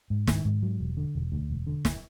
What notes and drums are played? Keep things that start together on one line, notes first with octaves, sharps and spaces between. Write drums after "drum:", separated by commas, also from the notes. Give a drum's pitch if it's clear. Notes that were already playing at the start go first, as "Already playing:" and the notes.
G#2
D#3, drum: snare
G#2
F#3
E1
D3
E1
D2
E1
D3
drum: snare